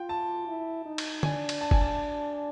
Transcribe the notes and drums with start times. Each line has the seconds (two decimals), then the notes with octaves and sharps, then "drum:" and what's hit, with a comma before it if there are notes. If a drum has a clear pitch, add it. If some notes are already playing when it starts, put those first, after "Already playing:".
Already playing: F4 G5
0.09 A5
0.48 E4
0.86 D#4
0.98 drum: cymbal
1.23 D4 G#5, drum: tom
1.49 drum: cymbal
1.61 A5
1.71 G#5, drum: kick F#1
1.81 A5